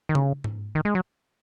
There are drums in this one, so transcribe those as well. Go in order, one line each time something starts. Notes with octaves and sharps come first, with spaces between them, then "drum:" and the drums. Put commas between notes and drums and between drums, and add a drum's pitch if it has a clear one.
D#3
C#3, drum: tom C#3
drum: tom G#2
D#3
G#3
F#3